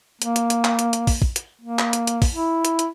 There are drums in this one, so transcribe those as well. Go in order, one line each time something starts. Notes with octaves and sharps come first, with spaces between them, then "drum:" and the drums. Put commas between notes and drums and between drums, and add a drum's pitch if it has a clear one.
A#3, drum: hi-hat
drum: hi-hat
drum: hi-hat
drum: clap
drum: hi-hat
drum: hi-hat
drum: kick, open hi-hat
drum: kick
drum: hi-hat
A#3
drum: clap
drum: hi-hat
drum: hi-hat
drum: kick, open hi-hat
E4
drum: hi-hat
drum: hi-hat